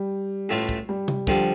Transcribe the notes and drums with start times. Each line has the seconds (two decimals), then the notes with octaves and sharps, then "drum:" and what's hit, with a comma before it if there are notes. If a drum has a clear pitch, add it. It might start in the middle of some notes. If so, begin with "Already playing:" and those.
Already playing: G3
0.49 A1 A2 A3 F4
0.69 drum: kick
0.89 G3
1.08 drum: tom C3
1.27 D3 F3 G3 F4, drum: kick